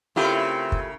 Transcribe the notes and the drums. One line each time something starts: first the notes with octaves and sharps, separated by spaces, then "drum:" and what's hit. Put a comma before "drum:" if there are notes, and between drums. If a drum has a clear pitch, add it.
C#3 A3 C4 E4 F4 G4 A#4
drum: kick